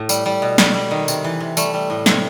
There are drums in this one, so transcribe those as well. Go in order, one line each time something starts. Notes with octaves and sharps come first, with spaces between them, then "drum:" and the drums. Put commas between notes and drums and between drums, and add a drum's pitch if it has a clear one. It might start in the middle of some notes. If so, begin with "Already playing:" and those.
Already playing: A2 A3
G3, drum: tambourine
G3
B2
G3, drum: snare
G3
D#3
C3, drum: tambourine
E3
C3
G3 A3, drum: tambourine
G3
A2
C3, drum: snare